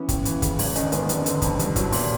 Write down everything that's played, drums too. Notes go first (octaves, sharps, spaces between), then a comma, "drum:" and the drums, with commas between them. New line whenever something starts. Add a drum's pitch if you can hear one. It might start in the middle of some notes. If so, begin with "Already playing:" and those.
Already playing: E3 B3 C#4
D#2, drum: kick, hi-hat
E3, drum: hi-hat
C#3, drum: kick, hi-hat
G#1, drum: open hi-hat
D#3 C#4 D#4, drum: hi-hat
D4
G#2 B3 C#4, drum: hi-hat
F1, drum: hi-hat
D3, drum: hi-hat
F2, drum: kick, hi-hat
C2, drum: hi-hat
F#3, drum: kick, hi-hat
A#2, drum: open hi-hat